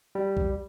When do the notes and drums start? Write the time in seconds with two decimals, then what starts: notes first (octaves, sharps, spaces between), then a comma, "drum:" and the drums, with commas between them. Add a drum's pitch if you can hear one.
0.15 G3
0.37 drum: kick B1